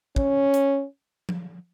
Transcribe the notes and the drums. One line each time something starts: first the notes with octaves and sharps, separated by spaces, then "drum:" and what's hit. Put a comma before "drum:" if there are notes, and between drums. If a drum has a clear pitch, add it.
C#4, drum: kick
drum: hi-hat
drum: tom F3